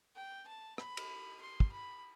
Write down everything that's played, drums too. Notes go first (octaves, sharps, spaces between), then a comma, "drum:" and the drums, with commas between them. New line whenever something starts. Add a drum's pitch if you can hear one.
G5
A5
B5, drum: rim click
drum: cymbal
C6
drum: kick
B5